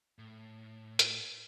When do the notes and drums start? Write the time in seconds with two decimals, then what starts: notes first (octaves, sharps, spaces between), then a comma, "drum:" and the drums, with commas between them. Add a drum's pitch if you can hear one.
0.18 A2
0.99 drum: hi-hat